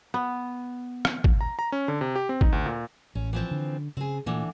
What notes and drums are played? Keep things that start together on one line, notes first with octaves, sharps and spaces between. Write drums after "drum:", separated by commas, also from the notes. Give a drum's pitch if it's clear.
B3
drum: rim click
drum: kick G#1
A#5
A#5
C#4
D3
C3
G4
C4
D#4, drum: kick G#1
D2
A#2
A1 C#4
E3 F3 C4
D3
C#3 C4 G#4
D2 A#2 E3 D4